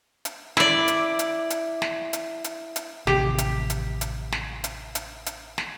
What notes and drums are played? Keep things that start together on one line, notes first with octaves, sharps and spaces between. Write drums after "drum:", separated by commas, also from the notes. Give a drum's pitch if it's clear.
drum: hi-hat
E4 D5, drum: snare
drum: hi-hat
drum: hi-hat
drum: hi-hat
drum: snare
drum: hi-hat
drum: hi-hat
drum: hi-hat
A1 C3 D#3 G4, drum: snare
drum: hi-hat
drum: hi-hat
drum: hi-hat
drum: snare
drum: hi-hat
drum: hi-hat
drum: hi-hat
drum: snare